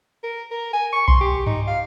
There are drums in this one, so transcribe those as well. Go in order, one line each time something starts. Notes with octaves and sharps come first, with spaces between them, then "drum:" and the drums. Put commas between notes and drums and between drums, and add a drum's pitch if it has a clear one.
A#4
A#4
G#5
C#6
C6, drum: kick B1
G4
D#4, drum: tom G2
F5